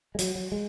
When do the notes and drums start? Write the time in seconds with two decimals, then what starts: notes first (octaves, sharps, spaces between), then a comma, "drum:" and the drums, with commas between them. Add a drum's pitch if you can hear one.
0.15 G#3
0.19 F#3, drum: hi-hat
0.35 F#3
0.52 G#3